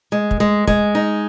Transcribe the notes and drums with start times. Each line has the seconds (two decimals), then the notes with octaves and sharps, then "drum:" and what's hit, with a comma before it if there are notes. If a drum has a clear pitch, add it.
0.12 G#3
0.31 drum: kick
0.40 G#3
0.67 G#3, drum: kick
0.95 D#4